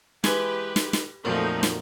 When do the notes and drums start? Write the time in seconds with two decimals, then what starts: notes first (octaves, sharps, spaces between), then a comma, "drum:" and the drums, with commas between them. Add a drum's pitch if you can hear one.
0.24 E3 G#3 G4 B4 G#5, drum: snare
0.76 drum: snare
0.93 drum: snare
1.25 F2 A#2 F3 F#3 A3 D#4
1.63 drum: snare